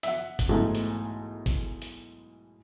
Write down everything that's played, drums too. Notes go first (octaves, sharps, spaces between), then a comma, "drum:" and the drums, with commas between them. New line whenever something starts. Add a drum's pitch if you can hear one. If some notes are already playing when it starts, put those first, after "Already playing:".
E5 F#5, drum: hi-hat
drum: kick G#1, hi-hat
B1 G#2 E3 A3
drum: hi-hat
drum: kick G#1, hi-hat
drum: hi-hat